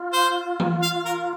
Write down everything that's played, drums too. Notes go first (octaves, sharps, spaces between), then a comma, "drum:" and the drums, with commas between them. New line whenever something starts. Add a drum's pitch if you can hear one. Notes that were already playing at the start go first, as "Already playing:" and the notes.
Already playing: F4
C5
drum: tom E3
F5
A#4